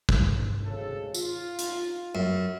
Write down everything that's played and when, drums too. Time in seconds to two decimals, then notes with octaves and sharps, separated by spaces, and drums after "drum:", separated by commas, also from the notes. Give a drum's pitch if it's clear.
0.09 drum: kick
0.65 G#1 C#3 A4
1.14 F4, drum: tambourine
1.59 drum: hi-hat
2.15 F#2